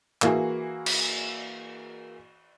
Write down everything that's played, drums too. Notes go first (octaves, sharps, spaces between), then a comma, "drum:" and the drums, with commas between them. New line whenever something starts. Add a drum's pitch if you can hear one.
E3 A#3 E4 F#4 G#4, drum: clap
drum: cymbal